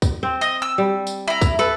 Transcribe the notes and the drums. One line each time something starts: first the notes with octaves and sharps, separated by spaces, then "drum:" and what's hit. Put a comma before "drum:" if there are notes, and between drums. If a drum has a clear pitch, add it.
drum: kick, tambourine
C4
D#5
E6
G3
drum: tambourine
E4 A#5
drum: kick, tambourine
A4 B4